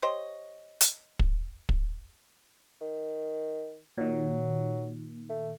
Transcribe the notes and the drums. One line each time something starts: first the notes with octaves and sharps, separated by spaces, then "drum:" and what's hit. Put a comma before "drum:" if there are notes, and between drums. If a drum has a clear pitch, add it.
G4 C5 C#5 D#5
drum: hi-hat
drum: kick
drum: kick
D#3
A#2 D#3 F#3
A3